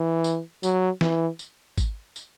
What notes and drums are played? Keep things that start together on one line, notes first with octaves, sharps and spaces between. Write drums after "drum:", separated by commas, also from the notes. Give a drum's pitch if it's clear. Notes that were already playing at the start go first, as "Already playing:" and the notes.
Already playing: E3
drum: tambourine
F#3, drum: tambourine
E3, drum: snare
drum: tambourine
drum: kick G#1, tambourine
drum: tambourine